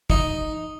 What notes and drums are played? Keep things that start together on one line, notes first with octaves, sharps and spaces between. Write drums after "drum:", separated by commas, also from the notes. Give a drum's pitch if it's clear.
D#4, drum: kick